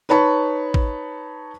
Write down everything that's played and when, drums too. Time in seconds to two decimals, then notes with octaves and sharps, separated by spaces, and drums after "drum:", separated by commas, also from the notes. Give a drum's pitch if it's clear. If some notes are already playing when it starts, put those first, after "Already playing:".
0.09 D#4 B4 C#5 A5 B5 C#6
0.74 drum: kick